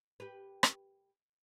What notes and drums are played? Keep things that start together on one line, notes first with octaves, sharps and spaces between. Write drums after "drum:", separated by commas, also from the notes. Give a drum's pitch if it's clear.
G4 B4
drum: rim click